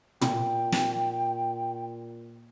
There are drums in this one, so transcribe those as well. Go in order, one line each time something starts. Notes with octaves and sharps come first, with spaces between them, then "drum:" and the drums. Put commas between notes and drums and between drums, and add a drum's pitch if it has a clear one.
A#2 G5, drum: tom
drum: snare